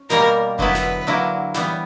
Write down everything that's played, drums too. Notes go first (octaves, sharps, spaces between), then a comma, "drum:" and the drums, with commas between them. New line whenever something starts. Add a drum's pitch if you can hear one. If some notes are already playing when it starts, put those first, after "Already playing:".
Already playing: C#4
B2 G3 A#3 A#4, drum: snare
D3 F#3 B3 E4 B4, drum: kick F1
drum: snare
D3 F#3 A#3 E4
E3 G3 B3, drum: snare